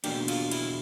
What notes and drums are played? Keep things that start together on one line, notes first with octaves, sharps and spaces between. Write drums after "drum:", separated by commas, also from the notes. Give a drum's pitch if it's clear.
E2 B2 F#3 A#3 D4 G4, drum: cymbal
F4, drum: cymbal
E4, drum: cymbal